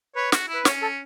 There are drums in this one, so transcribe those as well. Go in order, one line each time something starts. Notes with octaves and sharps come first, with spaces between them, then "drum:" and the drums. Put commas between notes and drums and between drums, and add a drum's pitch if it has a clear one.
B4 C#5
F#4, drum: snare
E4
B4
C#4 C#5, drum: snare
A4